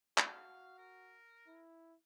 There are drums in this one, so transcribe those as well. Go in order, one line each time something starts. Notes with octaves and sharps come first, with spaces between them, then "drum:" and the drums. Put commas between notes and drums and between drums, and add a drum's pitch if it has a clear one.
F#4 F5, drum: clap
A#4
E4